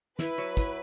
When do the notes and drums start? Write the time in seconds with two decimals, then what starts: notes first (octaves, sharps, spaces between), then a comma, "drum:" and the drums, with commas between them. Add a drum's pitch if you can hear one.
0.19 E4 B4, drum: snare
0.38 F#3
0.57 E4, drum: kick, hi-hat